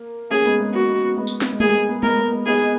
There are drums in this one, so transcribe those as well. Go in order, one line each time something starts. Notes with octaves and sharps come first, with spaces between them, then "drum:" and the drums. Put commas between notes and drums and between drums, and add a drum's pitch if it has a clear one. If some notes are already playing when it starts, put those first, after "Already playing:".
Already playing: A#3
A#3 C#4 G#4
G#3 B3, drum: hi-hat
G#3
A#3 F#4
G#3 B3
drum: tambourine
drum: snare
G#3
A#3 G#4, drum: tom G#3
G#3
G#3 B3
G#3 B3 A#4, drum: tom G#3
A#3
G#3 B3
B3 D#4 G#4